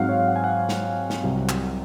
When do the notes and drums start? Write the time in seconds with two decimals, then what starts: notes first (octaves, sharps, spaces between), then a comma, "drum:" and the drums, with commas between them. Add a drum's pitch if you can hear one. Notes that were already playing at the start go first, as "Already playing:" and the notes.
Already playing: G#2 F#3 C4 F5 F#5
0.09 C#5
0.28 F#5
0.36 G#5
0.44 F#5
0.69 drum: snare
1.10 drum: snare
1.23 C2 C3 F#3
1.49 drum: clap